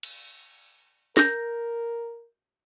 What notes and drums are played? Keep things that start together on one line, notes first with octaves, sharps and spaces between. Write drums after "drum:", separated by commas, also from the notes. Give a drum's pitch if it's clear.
drum: cymbal
A#4 G6 A#6, drum: snare